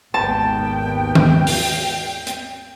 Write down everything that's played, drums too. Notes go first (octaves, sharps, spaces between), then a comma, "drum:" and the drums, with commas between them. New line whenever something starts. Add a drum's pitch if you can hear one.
G#1 D#2 B3 G5 A5
drum: tom
drum: open hi-hat
drum: hi-hat